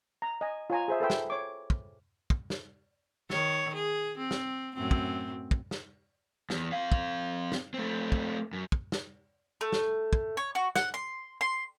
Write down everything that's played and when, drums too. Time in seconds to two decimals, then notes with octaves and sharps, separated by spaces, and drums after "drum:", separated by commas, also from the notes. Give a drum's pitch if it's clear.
0.22 A#5
0.41 D#5 G#5
0.70 F4 C#5 G#5 A#5
0.88 G#4 C5 E5
1.00 A4 B4 E5 G5
1.10 drum: snare
1.30 C#5 D6
1.70 drum: kick
2.30 drum: kick
2.50 drum: snare
3.30 D#3 C#5, drum: snare
3.75 G#4
4.18 C4
4.31 drum: snare
4.75 F#2 A2 C4
4.91 drum: kick
5.51 drum: kick
5.71 drum: snare
6.50 E2, drum: snare
6.72 C4 F5
6.92 drum: kick
7.52 drum: snare
7.74 A3 C4
8.12 drum: kick
8.53 F#2
8.72 drum: kick
8.92 drum: snare
9.61 A3
9.72 drum: snare
10.13 drum: kick
10.37 C#5
10.55 F#4
10.76 F#5, drum: snare
10.94 C6
11.41 C6